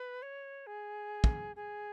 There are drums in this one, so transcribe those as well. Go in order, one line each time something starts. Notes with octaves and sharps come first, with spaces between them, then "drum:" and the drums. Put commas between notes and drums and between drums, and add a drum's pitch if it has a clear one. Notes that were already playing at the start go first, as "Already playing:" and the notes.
Already playing: B4
C#5
G#4
drum: kick
G#4